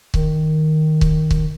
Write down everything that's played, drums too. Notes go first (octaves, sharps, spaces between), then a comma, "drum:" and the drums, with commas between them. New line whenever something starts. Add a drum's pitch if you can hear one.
D#3, drum: kick C#1
drum: kick C#1
drum: kick C#1